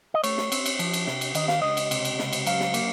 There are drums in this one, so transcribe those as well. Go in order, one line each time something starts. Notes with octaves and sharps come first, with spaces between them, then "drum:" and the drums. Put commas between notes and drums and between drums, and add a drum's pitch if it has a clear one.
D#5
A3 C#5, drum: cymbal
drum: snare
C4, drum: cymbal
drum: cymbal
F3, drum: cymbal
drum: cymbal
C3, drum: snare
drum: cymbal
D#3 D#5, drum: cymbal
F5, drum: snare
C#2 D#5
drum: cymbal
C3, drum: cymbal
drum: cymbal
C#2, drum: snare
drum: cymbal
F#3 F5, drum: cymbal
drum: snare
A#3, drum: cymbal